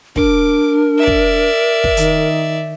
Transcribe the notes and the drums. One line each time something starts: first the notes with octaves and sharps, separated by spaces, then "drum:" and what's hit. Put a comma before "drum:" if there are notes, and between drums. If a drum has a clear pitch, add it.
D4 A#4 D6, drum: kick
D5 E5
drum: kick
drum: kick
D#3, drum: hi-hat